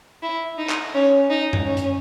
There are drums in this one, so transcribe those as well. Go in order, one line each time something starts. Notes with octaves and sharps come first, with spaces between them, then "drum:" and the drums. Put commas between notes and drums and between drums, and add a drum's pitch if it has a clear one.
E4
D#4
drum: clap
C#4
D#4
drum: tom F#2
C#4
drum: hi-hat